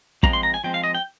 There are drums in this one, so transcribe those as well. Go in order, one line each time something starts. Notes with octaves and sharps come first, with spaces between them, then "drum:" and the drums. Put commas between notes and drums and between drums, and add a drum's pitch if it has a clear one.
F3 G#3 C4 A#5, drum: kick
C6
A#5
G#5
F3 G#3 C4 G5
F5
D#5
G5